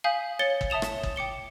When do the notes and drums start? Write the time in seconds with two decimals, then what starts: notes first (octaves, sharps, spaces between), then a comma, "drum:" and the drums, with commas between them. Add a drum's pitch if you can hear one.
0.04 F5 G#5 D#6 G6 B6 F#7
0.39 C#5 A6 C#7 G7
0.61 drum: kick G1
0.70 E5 A5 D#6 E7 F7
0.82 drum: rim click
1.03 drum: kick G1
1.16 G5 D6 C#7 G7